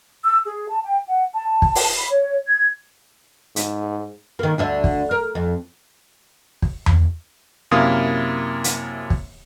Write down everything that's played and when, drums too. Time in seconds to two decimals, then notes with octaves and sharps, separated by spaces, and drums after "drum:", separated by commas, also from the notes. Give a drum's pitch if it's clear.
0.24 E6
0.46 G#4
0.69 A5
0.83 G5
1.07 F#5
1.34 A5
1.62 drum: kick
1.75 drum: open hi-hat
1.96 B5
2.10 C#5
2.46 G#6
3.56 G#2, drum: hi-hat
4.39 D#3 A#3
4.58 D2 D3 E5
4.84 drum: kick
5.11 A#4
5.35 F2
6.62 drum: kick
6.86 drum: tom E2
7.71 F#2 C3 A#3 E4 F5 D#6
8.64 drum: hi-hat
9.10 drum: kick